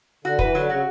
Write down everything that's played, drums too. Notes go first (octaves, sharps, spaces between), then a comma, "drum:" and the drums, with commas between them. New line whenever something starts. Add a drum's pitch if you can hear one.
D3 F#4
E3 B4, drum: kick
D3 F#3
C#3 F#4